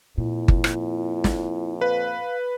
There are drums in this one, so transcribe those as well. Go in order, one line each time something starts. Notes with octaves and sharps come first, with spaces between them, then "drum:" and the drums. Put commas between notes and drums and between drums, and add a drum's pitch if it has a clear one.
F2 A#2 E4
drum: kick G1
drum: rim click
drum: snare
B4 F5